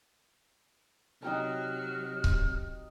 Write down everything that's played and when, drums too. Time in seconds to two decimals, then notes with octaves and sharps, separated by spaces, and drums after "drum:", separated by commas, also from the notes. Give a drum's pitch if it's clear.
1.22 C3 F#3 D#4 F#4 G5 A#5 F6
2.24 drum: kick C#1